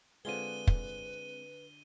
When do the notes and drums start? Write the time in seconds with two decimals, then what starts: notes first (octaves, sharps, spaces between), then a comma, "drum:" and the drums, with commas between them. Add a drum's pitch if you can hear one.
0.25 D3 G#3 C4 F4 G#4 B4 D#7 G7
0.67 drum: kick